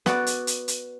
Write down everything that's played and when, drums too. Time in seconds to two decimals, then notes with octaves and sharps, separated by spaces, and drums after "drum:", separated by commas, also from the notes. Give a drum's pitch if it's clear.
0.06 B3 F#4 D5, drum: snare
0.27 drum: hi-hat
0.47 drum: hi-hat
0.68 drum: hi-hat